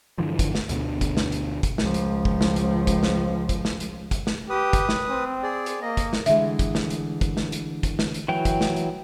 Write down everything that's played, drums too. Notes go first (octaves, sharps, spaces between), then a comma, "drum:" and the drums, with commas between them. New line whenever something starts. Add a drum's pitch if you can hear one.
G2 D3 E3 F3
drum: kick, hi-hat
drum: snare
D2 B2 D3, drum: hi-hat
drum: kick, hi-hat
drum: snare
drum: hi-hat
drum: kick, hi-hat
C#2 F3, drum: snare
drum: hi-hat
drum: kick
drum: snare
drum: hi-hat
drum: kick, hi-hat
drum: snare
drum: kick, hi-hat
drum: snare
drum: hi-hat
drum: kick, hi-hat
drum: snare
G4 B4 D#6
drum: kick, hi-hat
drum: snare
C4
G#4 D5
drum: hi-hat
A#3 D#5
drum: kick, hi-hat
drum: snare
D3 E3 G#3 E5, drum: hi-hat
drum: kick, hi-hat
drum: snare
drum: hi-hat
drum: kick, hi-hat
drum: snare
drum: hi-hat
drum: kick, hi-hat
drum: snare
drum: hi-hat
E3 F#3 G5
drum: kick, hi-hat
drum: snare
drum: hi-hat